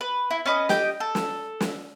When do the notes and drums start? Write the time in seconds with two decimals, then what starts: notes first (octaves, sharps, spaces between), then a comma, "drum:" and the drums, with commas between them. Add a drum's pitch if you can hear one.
0.01 B4
0.31 E4
0.46 C#4 B4 D#5
0.69 G4 D#5 G5, drum: snare
1.00 A4
1.15 drum: snare
1.60 drum: snare